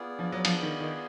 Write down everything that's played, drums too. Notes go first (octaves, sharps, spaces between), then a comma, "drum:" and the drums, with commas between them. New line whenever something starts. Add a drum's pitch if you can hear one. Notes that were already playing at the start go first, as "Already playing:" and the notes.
Already playing: B3 F4 G#4 D5
F3
F#3
F3, drum: cymbal
D#3
D#3